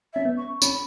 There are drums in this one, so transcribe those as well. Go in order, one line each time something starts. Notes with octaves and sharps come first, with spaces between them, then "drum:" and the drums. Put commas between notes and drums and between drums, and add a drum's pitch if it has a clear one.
E5
C#4
B3
C#6
C#4 B5, drum: tambourine